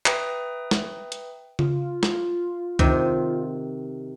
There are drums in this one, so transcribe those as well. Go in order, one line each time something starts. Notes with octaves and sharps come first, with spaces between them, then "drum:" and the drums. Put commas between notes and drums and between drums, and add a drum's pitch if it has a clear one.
B4 E5 G5 A#5 D#6, drum: clap
drum: snare
drum: hi-hat
F4, drum: tom C#3
drum: snare
C3 D#3, drum: kick